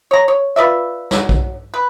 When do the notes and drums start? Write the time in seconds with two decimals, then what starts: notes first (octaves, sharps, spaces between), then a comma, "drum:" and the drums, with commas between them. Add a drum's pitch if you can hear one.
0.11 C#5 A#5
0.28 C#5
0.56 F4 B4 D5 E5
1.11 F#3, drum: snare
1.29 drum: kick B1
1.74 B4